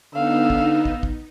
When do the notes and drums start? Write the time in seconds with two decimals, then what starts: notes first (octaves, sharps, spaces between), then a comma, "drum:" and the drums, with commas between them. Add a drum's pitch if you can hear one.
0.15 D3 B3 D#4 F5 E6
0.50 drum: kick
0.85 drum: kick
1.03 drum: kick